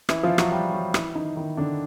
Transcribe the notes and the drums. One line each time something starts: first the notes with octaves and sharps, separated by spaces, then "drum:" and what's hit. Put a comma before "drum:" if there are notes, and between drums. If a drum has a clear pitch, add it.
E3 E4, drum: rim click
F3 F4
F#3 F#4, drum: rim click
G3 G4
F#3 F#4
E3 E4, drum: rim click
D#3 D#4
D#3 D#4
D3 D4